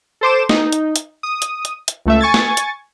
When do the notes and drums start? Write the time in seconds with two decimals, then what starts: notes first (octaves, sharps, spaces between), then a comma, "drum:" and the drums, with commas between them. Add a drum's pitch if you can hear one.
0.21 A4 C5 D6 E7
0.49 D#4, drum: snare
0.73 drum: hi-hat
0.96 drum: hi-hat
1.23 D#6
1.42 drum: hi-hat
1.65 drum: hi-hat
1.88 drum: hi-hat
2.06 C#2 A3 E5
2.21 G#5 C#6 G#6 A6
2.34 drum: snare
2.57 drum: hi-hat